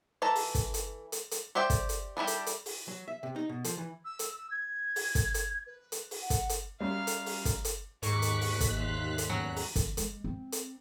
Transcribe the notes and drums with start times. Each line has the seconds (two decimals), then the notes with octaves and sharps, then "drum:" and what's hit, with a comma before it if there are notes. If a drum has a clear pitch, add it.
0.22 E3 A4 A5 A#5
0.35 drum: open hi-hat
0.55 drum: kick, hi-hat
0.74 drum: hi-hat
1.12 drum: hi-hat
1.31 drum: hi-hat
1.55 G4 C5 D5 E5 G5
1.70 drum: kick, hi-hat
1.89 drum: hi-hat
2.17 G3 D4 E4 G4
2.27 drum: hi-hat
2.46 drum: hi-hat
2.66 drum: open hi-hat
2.88 F#3
3.08 E5
3.23 C3
3.36 D#4
3.49 B2
3.64 F3, drum: hi-hat
3.78 E3
4.05 E6
4.19 drum: hi-hat
4.32 E6
4.51 G#6
4.96 drum: open hi-hat
5.15 drum: kick, hi-hat
5.34 drum: hi-hat
5.66 B4
5.92 drum: hi-hat
6.11 drum: open hi-hat
6.21 F#5
6.30 drum: kick, hi-hat
6.49 drum: hi-hat
6.80 F#2 G3 F5
7.07 drum: hi-hat
7.26 drum: open hi-hat
7.45 drum: kick, hi-hat
7.65 drum: hi-hat
8.03 D#2 G#2 C#6 D6 F#6 B6, drum: hi-hat
8.22 drum: hi-hat
8.41 drum: open hi-hat
8.60 drum: kick, hi-hat
8.74 E5 F5 C6
9.18 drum: hi-hat
9.30 E2 F#3 C#4 A#5 F#6
9.56 drum: open hi-hat
9.76 D3, drum: kick, hi-hat
9.97 G#3, drum: hi-hat
10.24 C4
10.52 drum: hi-hat